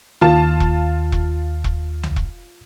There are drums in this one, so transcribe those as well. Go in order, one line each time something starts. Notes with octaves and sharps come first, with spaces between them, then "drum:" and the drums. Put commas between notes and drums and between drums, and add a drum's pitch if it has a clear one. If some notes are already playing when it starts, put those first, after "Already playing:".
D#2 F4 A5
drum: kick E1
drum: kick E1
drum: kick E1
drum: tom C2
drum: kick E1